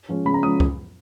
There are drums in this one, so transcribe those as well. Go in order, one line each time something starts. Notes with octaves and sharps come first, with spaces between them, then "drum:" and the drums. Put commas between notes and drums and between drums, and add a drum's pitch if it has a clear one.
F3 G#3 C#4 F4
C#3 B5
A#5
F3 G#3 C#4 F4 D#6
drum: kick